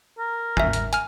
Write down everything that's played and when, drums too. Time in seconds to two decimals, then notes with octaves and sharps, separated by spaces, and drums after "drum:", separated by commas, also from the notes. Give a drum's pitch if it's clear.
0.19 A#4
0.57 E5 G#5, drum: tom
0.73 drum: hi-hat
0.93 G#5 F6, drum: hi-hat